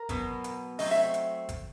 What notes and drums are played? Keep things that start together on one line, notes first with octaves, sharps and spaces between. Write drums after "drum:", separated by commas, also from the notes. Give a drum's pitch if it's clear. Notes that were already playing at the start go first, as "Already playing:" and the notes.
Already playing: A#4
B2 F#3 B3, drum: kick G#1, hi-hat
drum: hi-hat
F#3 A3 C4 D#5, drum: open hi-hat
E5
drum: hi-hat
drum: kick G#1, hi-hat